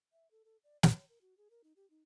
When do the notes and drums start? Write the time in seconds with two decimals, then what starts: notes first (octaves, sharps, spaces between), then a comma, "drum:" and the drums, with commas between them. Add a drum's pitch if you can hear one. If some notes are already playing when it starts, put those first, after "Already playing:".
0.13 E5
0.31 A4
0.45 A4
0.64 D5
0.83 C#5, drum: snare
1.09 A#4
1.21 F#4
1.38 G#4
1.50 A#4
1.64 D#4
1.76 G4
1.90 D#4